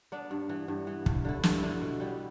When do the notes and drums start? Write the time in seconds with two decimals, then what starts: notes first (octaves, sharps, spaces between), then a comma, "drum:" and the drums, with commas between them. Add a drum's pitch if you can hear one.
0.12 B3 D4
0.31 G2
0.49 E3 B3
0.68 G2
0.87 E3 B3
1.06 G2, drum: kick
1.25 D3 A3 E4
1.43 G2, drum: snare
1.63 D3 A3 E4
1.81 B2
2.00 G3 B3 E4